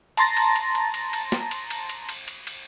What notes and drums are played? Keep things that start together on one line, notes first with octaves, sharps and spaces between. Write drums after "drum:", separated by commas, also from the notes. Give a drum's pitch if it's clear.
A5 A#5 C6 A6 A#6, drum: cymbal
drum: cymbal
drum: cymbal
drum: cymbal
drum: cymbal
drum: cymbal
drum: snare
drum: cymbal
drum: cymbal
drum: cymbal
drum: cymbal
drum: cymbal
drum: cymbal